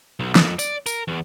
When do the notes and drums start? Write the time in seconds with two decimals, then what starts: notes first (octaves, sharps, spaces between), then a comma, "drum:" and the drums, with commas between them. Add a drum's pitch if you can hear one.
0.20 B1
0.35 F2, drum: snare
0.59 D5, drum: tambourine
0.86 A#4, drum: tambourine
1.08 E2